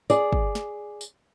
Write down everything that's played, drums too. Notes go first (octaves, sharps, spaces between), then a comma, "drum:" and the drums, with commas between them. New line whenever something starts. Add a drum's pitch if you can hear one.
G#4 D5, drum: tambourine
drum: kick
drum: snare
drum: tambourine